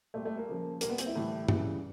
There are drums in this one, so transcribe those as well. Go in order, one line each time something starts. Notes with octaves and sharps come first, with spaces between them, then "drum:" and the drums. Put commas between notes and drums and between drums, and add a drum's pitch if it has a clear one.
A#2 G3 A3
A3
A#3
C#3 F3
A#2 G3 A#3, drum: hi-hat
B3
C4, drum: hi-hat
E4
A2 E3 G3
C#3 E3 G3, drum: tom G2